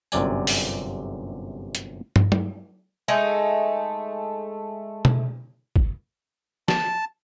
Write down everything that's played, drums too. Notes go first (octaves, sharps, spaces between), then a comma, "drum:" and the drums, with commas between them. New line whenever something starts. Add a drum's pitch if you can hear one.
G1 F#2 C3 D5 G#5, drum: tambourine
drum: open hi-hat
drum: hi-hat
drum: tom
drum: tom
G#3 A3 D#4
drum: tom B2
drum: kick G#1
A5, drum: snare